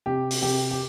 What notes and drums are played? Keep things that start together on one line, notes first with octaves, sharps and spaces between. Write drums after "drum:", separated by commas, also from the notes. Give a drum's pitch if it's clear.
C3 G4
drum: open hi-hat
C3 G4
G4